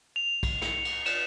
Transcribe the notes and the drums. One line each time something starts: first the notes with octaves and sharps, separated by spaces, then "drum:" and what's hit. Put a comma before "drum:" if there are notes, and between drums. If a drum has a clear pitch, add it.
F7
drum: kick, cymbal
C#7, drum: snare
drum: cymbal
E7, drum: cymbal